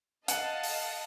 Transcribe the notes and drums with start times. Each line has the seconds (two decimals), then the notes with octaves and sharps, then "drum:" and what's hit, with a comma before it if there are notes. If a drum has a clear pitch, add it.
0.28 D#5 F5 F#5 A5, drum: hi-hat
0.63 drum: open hi-hat